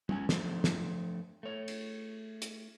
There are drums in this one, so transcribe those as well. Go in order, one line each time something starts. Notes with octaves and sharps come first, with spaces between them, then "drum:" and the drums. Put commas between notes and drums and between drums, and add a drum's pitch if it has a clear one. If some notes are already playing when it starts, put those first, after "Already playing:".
G#3 C#4 F#5 G#5, drum: tom
F3 A3 D4, drum: snare
drum: snare
A3 C#5
drum: cymbal
drum: hi-hat